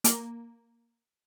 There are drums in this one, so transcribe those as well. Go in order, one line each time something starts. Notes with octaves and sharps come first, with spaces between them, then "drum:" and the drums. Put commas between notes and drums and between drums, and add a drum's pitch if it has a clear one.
A#3, drum: hi-hat